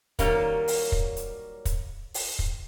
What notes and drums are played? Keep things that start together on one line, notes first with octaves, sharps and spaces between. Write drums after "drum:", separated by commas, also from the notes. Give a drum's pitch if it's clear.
D#3 F#3 G3 A#3 C#4 A#4, drum: kick, hi-hat
drum: open hi-hat
drum: kick
drum: hi-hat
drum: kick, hi-hat
drum: open hi-hat
drum: kick